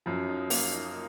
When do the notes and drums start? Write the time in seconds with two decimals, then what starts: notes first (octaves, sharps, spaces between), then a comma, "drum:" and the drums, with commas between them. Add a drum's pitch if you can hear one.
0.06 F#2 F3
0.29 D#4
0.50 A#3, drum: open hi-hat
0.73 D#4